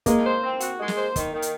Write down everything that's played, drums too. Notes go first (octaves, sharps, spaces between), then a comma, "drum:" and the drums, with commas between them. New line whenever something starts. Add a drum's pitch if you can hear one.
G#3 A#3, drum: kick, hi-hat
C5
C4
F#4, drum: hi-hat
G#3
drum: snare
C5
D#3, drum: kick, hi-hat
D#3
drum: hi-hat